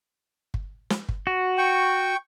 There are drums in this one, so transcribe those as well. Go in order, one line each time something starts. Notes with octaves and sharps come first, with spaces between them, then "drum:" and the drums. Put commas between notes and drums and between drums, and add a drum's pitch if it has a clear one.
drum: kick G1
drum: snare
drum: kick G1
F#4
G5 C#6